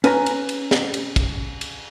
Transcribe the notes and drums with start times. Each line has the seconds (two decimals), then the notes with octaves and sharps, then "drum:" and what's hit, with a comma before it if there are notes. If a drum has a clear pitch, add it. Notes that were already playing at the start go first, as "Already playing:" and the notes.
0.04 C#4 B4 G#5 A#5, drum: cymbal
0.26 drum: cymbal
0.49 drum: cymbal
0.71 drum: snare
0.94 drum: cymbal
1.16 drum: kick, cymbal
1.61 drum: cymbal